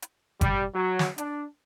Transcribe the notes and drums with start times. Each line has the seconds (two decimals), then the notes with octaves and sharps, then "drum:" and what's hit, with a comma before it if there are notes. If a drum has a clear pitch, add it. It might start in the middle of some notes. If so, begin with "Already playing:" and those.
0.02 drum: hi-hat
0.41 G3, drum: kick G1, hi-hat
0.75 F#3
0.99 drum: snare
1.18 D4, drum: hi-hat